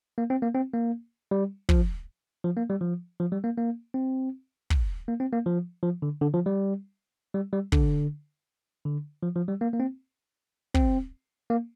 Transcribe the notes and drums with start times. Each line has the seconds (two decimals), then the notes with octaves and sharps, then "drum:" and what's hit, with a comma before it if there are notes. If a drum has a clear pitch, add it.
0.18 A#3
0.30 C4
0.42 A#3
0.55 C4
0.74 A#3
1.31 G3
1.69 F3, drum: kick
2.44 F3
2.57 A#3
2.70 G3
2.81 F3
3.20 F3
3.32 G3
3.44 A#3
3.58 A#3
3.94 C4
4.70 drum: kick
5.08 A#3
5.20 C4
5.33 A#3
5.46 F3
5.83 F3
6.02 D3
6.21 D3
6.34 F3
6.46 G3
7.34 G3
7.53 G3
7.72 D3, drum: kick
8.85 D3
9.23 F3
9.36 F3
9.48 G3
9.61 A#3
9.73 A#3
9.80 C4
10.74 C4, drum: kick
11.50 A#3